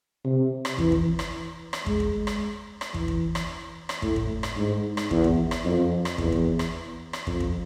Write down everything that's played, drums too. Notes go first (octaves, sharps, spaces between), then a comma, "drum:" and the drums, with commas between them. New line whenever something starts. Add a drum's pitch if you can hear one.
C3
drum: rim click
E3, drum: kick
drum: kick
drum: rim click
drum: rim click
G#3, drum: kick
drum: kick
drum: rim click
drum: rim click
E3, drum: kick
drum: kick
drum: rim click
drum: rim click
A2, drum: kick
drum: kick
drum: rim click
G#2
drum: rim click
E2, drum: kick
drum: kick
drum: rim click
F2
drum: rim click
E2, drum: kick
drum: kick
drum: rim click
drum: rim click
F2, drum: kick
drum: kick